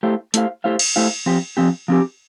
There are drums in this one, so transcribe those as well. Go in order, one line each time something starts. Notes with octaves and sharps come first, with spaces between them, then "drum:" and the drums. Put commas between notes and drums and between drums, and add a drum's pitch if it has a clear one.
A3 E4 G4 C5 F5
A3 E4 G4 C5 F5, drum: hi-hat
A3 E4 G4 C5 F5
drum: cymbal
A3 E4 G4 C5 F5
F3 C4 G4
F3 C4 G4
F3 C4 G4